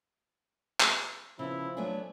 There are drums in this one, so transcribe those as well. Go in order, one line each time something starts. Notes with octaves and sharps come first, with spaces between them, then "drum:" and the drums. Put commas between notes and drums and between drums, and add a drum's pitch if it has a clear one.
drum: clap
C#3 F3 B3 E4
F#3 A3 B3 D4 G#5